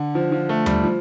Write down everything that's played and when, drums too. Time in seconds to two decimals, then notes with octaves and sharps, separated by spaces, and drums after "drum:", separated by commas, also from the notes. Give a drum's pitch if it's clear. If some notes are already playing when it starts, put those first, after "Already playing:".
Already playing: D3
0.15 F3
0.32 F3
0.49 A3
0.66 G3, drum: tom D#2
0.84 F3